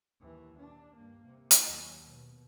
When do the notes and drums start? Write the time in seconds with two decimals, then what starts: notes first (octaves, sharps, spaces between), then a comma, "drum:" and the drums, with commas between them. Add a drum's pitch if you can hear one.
0.20 D#2 E3
0.59 D4
0.94 G2 A#3
1.26 C3
1.51 drum: hi-hat
1.64 D#2 F#3
2.08 B2